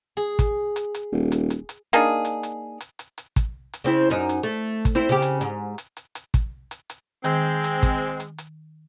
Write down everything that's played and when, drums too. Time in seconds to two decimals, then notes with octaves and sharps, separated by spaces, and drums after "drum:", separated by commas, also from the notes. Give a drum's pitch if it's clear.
0.17 G#4
0.39 drum: kick, hi-hat
0.76 drum: hi-hat
0.95 drum: hi-hat
1.12 D#1
1.32 drum: hi-hat
1.50 drum: hi-hat
1.69 drum: hi-hat
1.93 A#3 D4 D#4 G#4
2.25 drum: hi-hat
2.43 drum: hi-hat
2.81 drum: hi-hat
2.99 drum: hi-hat
3.18 drum: hi-hat
3.36 drum: kick, hi-hat
3.73 drum: hi-hat
3.84 C#3 C4 E4
4.10 F#2 D#4
4.29 drum: hi-hat
4.43 A3
4.85 drum: kick, hi-hat
4.95 C4 E4
5.09 C#3 G4
5.22 drum: hi-hat
5.41 G#2, drum: hi-hat
5.78 drum: hi-hat
5.97 drum: hi-hat
6.15 drum: hi-hat
6.34 drum: kick, hi-hat
6.71 drum: hi-hat
6.90 drum: hi-hat
7.24 D#3 G#3 C4, drum: hi-hat
7.64 drum: hi-hat
7.83 drum: kick, hi-hat
8.20 drum: hi-hat
8.38 drum: hi-hat